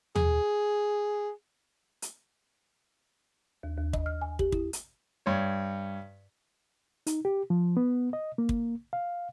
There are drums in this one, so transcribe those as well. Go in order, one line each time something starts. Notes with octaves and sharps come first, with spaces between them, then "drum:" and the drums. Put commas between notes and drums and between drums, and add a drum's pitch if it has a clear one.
G#4, drum: tom
drum: hi-hat
D#2
D#2
D#5, drum: kick
F6
G#5
G4, drum: kick
E4, drum: kick
drum: hi-hat
G2 C#5
D#4, drum: hi-hat
G4
F3
B3
D#5
A#3
drum: kick
F5